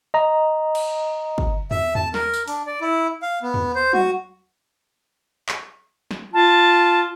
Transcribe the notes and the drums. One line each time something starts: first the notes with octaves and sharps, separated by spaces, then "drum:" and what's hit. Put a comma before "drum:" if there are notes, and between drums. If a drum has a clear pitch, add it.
D#5 A#5
drum: cymbal
drum: kick
E5, drum: tom E2
A5, drum: tom E2
A#4, drum: snare
drum: tambourine
D4, drum: open hi-hat
D5
E4
F5
B3
drum: tom E2
C5
F#4, drum: tom F#3
drum: clap
drum: snare
F4 A5